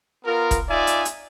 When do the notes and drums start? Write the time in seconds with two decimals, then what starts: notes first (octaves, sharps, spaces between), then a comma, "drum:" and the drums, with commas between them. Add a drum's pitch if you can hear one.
0.25 B3 F4 A#4
0.51 drum: kick, hi-hat
0.69 D#4 F4 D5 E5 G#5
0.87 drum: hi-hat
1.05 drum: hi-hat